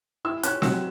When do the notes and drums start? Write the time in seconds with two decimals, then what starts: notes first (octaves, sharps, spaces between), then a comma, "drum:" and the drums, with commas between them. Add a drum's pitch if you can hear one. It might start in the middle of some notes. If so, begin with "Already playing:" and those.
0.25 E4 E6
0.43 C#4 F#6, drum: hi-hat
0.62 F#3 E6, drum: snare C4